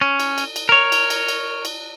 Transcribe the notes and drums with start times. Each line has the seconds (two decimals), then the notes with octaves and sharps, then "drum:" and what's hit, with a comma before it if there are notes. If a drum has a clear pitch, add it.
0.01 C#4
0.20 drum: cymbal
0.38 drum: cymbal
0.56 drum: cymbal
0.69 A#4 C#5
0.92 drum: cymbal
1.10 drum: cymbal
1.28 drum: cymbal
1.65 drum: cymbal